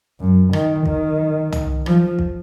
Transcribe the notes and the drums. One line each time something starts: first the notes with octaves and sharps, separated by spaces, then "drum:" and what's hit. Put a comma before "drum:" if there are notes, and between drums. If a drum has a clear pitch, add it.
F#2
D#3, drum: rim click
D#3, drum: kick
drum: tom
F3, drum: rim click
drum: kick